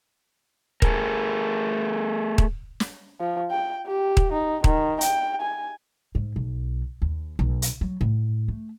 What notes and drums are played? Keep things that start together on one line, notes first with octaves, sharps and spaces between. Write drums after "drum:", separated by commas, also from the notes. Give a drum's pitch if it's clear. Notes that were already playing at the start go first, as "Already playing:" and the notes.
A3 G#4 A#4, drum: kick D#1
drum: kick D#1
drum: snare
F3
G5
G4
drum: kick D#1
D#4
D#3, drum: kick D#1
G5, drum: hi-hat
G#5
G#2
B1
D#2
B1
drum: hi-hat
F#3
A2
A3